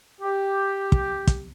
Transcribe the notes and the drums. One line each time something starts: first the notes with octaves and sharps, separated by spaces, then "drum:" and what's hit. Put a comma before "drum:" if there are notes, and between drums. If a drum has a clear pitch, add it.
G4
drum: kick
drum: kick, hi-hat